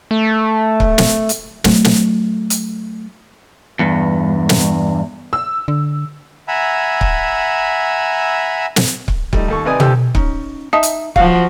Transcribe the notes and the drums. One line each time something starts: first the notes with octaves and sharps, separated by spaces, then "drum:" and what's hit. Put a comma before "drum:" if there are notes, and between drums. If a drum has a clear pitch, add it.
A3
drum: kick C#1
drum: snare
drum: hi-hat
F#3 A3, drum: snare
drum: snare
drum: hi-hat
E2 G2
drum: snare
E6
D3
E5 F#5 G#5 A#5 B5 E6
drum: kick C#1
drum: snare
drum: kick C#1
G3 A3 D#4, drum: kick C#1
D#2 A4 C#6
C3 D#4 B4 D5 G#5 D#6
D#2 G4 A4 C5 E6, drum: tom
C#4 D#4, drum: kick C#1
D#4 D#5 E5 A5 D#6
drum: hi-hat
F3 F#4 F5, drum: kick C#1